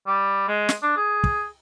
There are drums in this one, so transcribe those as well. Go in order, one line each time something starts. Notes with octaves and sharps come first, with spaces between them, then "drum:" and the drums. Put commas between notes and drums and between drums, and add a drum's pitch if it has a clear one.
G3
G#3
drum: snare
D4
G#4
drum: kick